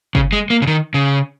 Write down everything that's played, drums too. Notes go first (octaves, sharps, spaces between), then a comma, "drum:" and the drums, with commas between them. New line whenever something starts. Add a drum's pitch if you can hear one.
C#3, drum: kick
G#3
A#3
C#3
D#3
C#3